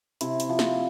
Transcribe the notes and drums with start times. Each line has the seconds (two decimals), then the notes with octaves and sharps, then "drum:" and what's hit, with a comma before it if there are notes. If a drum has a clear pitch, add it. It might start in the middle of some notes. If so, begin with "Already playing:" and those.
0.21 C3 E4, drum: hi-hat
0.40 drum: hi-hat
0.49 F3
0.59 drum: snare